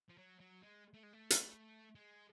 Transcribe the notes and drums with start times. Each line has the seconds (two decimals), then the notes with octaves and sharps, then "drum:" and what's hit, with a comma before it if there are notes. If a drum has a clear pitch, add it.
0.10 F3
0.18 F#3
0.40 F#3
0.62 G#3
0.94 A3
1.03 G#3
1.13 A3
1.30 drum: hi-hat
1.95 G#3